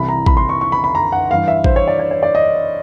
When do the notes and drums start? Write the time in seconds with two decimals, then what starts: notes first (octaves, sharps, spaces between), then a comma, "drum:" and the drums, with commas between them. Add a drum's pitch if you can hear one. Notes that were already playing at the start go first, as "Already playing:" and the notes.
Already playing: C2 C3 E3 B5
0.09 A#5
0.26 B5, drum: kick A1
0.37 C6
0.49 C#6
0.61 C#6
0.72 B5
0.84 B5
0.95 A#5
1.12 F#5
1.30 G2 E3 F5
1.48 E5
1.64 C5, drum: kick A1
1.76 C#5
1.88 D5
1.99 C#5
2.11 C#5
2.23 D5
2.35 D#5